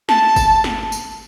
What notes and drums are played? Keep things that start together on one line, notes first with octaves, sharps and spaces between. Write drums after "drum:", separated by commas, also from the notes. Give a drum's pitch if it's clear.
A5, drum: snare
drum: kick, tambourine
drum: snare
drum: tambourine